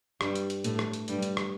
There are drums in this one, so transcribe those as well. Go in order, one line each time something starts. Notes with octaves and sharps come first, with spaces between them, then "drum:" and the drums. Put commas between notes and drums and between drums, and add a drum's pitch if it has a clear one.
G2 G3, drum: rim click
drum: hi-hat
drum: hi-hat
A2 A3, drum: hi-hat
drum: rim click
drum: hi-hat
G2 G3, drum: hi-hat
drum: hi-hat
drum: rim click